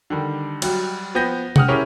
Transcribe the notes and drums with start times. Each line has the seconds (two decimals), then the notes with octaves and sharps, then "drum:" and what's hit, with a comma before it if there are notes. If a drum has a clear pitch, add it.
0.10 D3 D#3 G3
0.62 F#3 G3, drum: cymbal
1.15 F3 B3 G5 G6 A#6
1.56 F#5 G5 D#6 F6, drum: tom C3
1.68 C#4 E4 G4 G#4 A#4 C#5